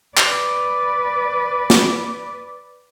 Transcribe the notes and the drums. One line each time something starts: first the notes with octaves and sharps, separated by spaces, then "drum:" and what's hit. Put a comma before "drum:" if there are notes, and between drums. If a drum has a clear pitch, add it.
B4 D5, drum: clap
drum: snare